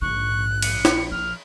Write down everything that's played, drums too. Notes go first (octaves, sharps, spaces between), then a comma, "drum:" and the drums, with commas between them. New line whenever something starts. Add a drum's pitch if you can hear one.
A#1 G#2 D3 C#6 F#6
C#7, drum: cymbal
drum: snare
F3 F6